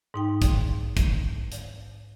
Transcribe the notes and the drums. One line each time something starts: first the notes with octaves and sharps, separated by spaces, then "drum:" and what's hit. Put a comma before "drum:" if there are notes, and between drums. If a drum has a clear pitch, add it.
G#2 D#4 G5
drum: kick, hi-hat
drum: kick, hi-hat
drum: hi-hat